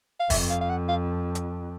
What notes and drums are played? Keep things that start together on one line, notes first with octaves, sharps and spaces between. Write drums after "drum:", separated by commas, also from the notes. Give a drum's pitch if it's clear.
F5
F2 E5, drum: kick, open hi-hat
F5
F5
F#5
F5
drum: hi-hat